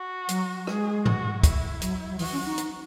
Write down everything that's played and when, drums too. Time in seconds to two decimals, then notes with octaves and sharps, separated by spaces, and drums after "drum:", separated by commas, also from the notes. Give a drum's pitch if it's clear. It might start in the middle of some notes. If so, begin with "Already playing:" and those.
Already playing: F#4
0.29 F#3, drum: hi-hat
0.67 G#3 G#4, drum: rim click
1.06 F#4, drum: tom G#2
1.43 E4, drum: kick, hi-hat
1.82 F#3, drum: hi-hat
2.09 F#3
2.19 E3 F#4, drum: open hi-hat
2.32 C#4
2.45 D#4
2.58 drum: hi-hat